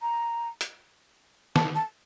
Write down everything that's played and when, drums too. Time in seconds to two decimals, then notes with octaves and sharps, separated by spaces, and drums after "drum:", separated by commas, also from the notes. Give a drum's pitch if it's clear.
0.02 A#5
0.61 drum: hi-hat
1.56 A5, drum: snare
1.75 A5